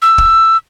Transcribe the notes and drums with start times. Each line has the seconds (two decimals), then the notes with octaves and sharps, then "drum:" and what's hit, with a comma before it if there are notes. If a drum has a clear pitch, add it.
0.02 E6
0.18 drum: kick